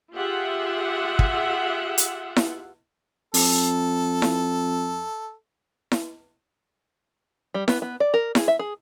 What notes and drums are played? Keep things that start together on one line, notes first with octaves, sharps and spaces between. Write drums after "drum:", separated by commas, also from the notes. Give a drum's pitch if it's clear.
F4 G4 G#4 E5 F#5
drum: kick
drum: hi-hat
drum: snare E4
F2 A4, drum: open hi-hat
drum: snare E4
drum: snare E4
G3
B3, drum: snare E4
B3
D5
A#4
G#4, drum: snare E4
E5
G#4